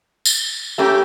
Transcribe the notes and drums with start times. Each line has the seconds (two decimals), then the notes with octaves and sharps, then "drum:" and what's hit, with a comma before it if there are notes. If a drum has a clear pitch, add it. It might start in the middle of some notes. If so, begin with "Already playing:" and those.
0.25 drum: tambourine
0.78 A3 A#3 C#4 G4